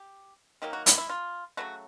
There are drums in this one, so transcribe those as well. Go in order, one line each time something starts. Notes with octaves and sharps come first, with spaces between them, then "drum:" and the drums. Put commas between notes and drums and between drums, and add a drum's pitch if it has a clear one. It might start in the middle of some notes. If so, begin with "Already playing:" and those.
Already playing: G4
D#3 F#3 A#3 G4
F#4
E4, drum: hi-hat
E4
F4
C#3 F#3 A3 F#4